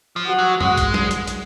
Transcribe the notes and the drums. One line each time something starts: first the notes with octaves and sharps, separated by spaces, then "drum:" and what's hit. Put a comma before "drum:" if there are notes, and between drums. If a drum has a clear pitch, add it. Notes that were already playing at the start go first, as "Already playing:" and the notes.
F3
F#4
F#3
G#3, drum: tom F2
drum: kick, hi-hat
drum: snare
drum: hi-hat
drum: hi-hat